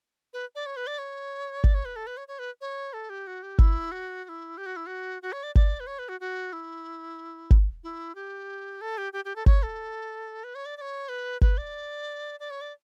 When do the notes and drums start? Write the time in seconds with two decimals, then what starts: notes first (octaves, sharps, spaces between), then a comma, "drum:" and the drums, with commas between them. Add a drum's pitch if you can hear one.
0.33 B4
0.55 D5
0.66 C#5
0.77 B4
0.87 D5
0.99 C#5
1.64 D5, drum: kick G#1
1.74 C#5
1.85 B4
1.96 A4
2.07 B4
2.17 C#5
2.28 C#5
2.39 B4
2.61 C#5
2.93 A4
3.10 G4
3.27 F#4
3.43 G4
3.59 E4, drum: kick G#1
3.92 F#4
4.24 F#4
4.29 E4
4.58 G4
4.66 F#4
4.76 E4
4.87 F#4
5.22 F#4
5.32 C#5
5.43 D5
5.55 D5, drum: kick G#1
5.80 B4
5.87 C#5
5.99 B4
6.09 F#4
6.20 F#4
6.53 E4
7.51 drum: kick G#1
7.84 E4
8.15 G4
8.81 A4
8.98 G4
9.13 G4
9.25 G4
9.36 A4
9.46 C#5, drum: kick G#1
9.63 A4
10.44 B4
10.55 C#5
10.66 D5
10.77 D5
10.81 C#5
11.09 B4
11.41 B4, drum: kick G#1
11.58 D5
12.40 D5
12.50 C#5
12.61 D5